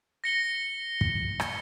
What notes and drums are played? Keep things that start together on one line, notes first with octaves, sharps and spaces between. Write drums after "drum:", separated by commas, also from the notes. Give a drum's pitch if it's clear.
A#6 C#7 G7
drum: kick
drum: rim click